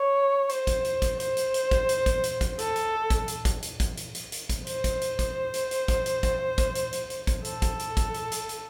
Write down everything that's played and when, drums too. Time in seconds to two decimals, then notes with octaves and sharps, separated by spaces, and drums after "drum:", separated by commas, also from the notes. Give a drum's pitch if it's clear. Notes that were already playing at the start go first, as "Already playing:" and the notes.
Already playing: C#5
0.49 C5, drum: hi-hat
0.67 drum: kick, hi-hat
0.85 drum: hi-hat
1.02 drum: kick, hi-hat
1.20 C5, drum: hi-hat
1.37 drum: hi-hat
1.54 drum: hi-hat
1.71 drum: kick, hi-hat
1.89 drum: hi-hat
2.06 drum: kick, hi-hat
2.24 drum: hi-hat
2.41 drum: kick, hi-hat
2.59 A4, drum: hi-hat
2.76 drum: hi-hat
3.10 drum: kick, hi-hat
3.28 drum: hi-hat
3.45 drum: kick, hi-hat
3.63 drum: hi-hat
3.80 drum: kick, hi-hat
3.97 drum: hi-hat
4.15 drum: hi-hat
4.32 drum: hi-hat
4.49 drum: kick, hi-hat
4.67 C5, drum: hi-hat
4.84 drum: kick, hi-hat
5.02 drum: hi-hat
5.19 drum: kick, hi-hat
5.54 drum: hi-hat
5.71 drum: hi-hat
5.88 drum: kick, hi-hat
6.06 drum: hi-hat
6.23 drum: kick, hi-hat
6.58 drum: kick, hi-hat
6.75 drum: hi-hat
6.93 drum: hi-hat
7.10 drum: hi-hat
7.27 drum: kick, hi-hat
7.45 A4, drum: hi-hat
7.62 drum: kick, hi-hat
7.79 drum: hi-hat
7.97 drum: kick, hi-hat
8.14 drum: hi-hat
8.32 drum: hi-hat
8.49 drum: hi-hat